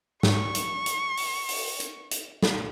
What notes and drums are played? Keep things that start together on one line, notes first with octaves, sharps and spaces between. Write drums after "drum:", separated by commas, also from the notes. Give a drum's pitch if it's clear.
G#2 C#6, drum: snare
drum: hi-hat
drum: hi-hat
drum: open hi-hat
drum: open hi-hat
drum: hi-hat
drum: hi-hat
drum: snare